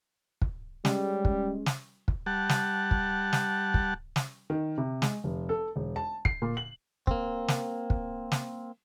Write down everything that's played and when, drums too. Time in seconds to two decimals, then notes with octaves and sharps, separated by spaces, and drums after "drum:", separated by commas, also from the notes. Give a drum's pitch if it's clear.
0.42 drum: kick
0.85 G3 G#3 C#4, drum: snare
1.25 drum: kick
1.66 drum: snare
2.08 drum: kick
2.26 G3 F#5 A5
2.49 drum: snare
2.91 drum: kick
3.33 drum: snare
3.74 drum: kick
4.16 drum: snare
4.50 D#3
4.78 C3
5.02 G#3, drum: snare
5.24 F1
5.49 A4
5.76 E1
5.96 A5
6.25 C7, drum: kick
6.42 A#2
6.57 F#7
7.07 A#3 C4, drum: kick
7.48 drum: snare
7.90 drum: kick
8.32 drum: snare